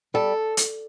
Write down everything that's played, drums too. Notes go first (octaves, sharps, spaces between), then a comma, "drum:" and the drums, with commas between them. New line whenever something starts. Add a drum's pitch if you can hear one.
G3 A4
drum: hi-hat